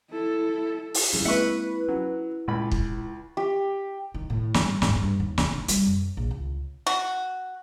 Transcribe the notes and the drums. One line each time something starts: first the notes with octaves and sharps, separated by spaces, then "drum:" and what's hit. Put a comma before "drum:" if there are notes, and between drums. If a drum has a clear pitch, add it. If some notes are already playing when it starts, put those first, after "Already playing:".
E4 A4
drum: open hi-hat
G2 C#3 F#3 E4
G#3 A#3 C4 B4 E5 F#5 C#6
F#3 C#4
C#2 A#2 B5
drum: kick
G4
D#3
A2
G2, drum: snare
G#2, drum: snare
G2
D#2
C#3, drum: snare
D#4
G3, drum: hi-hat
F#2
A#1
C#2
F#4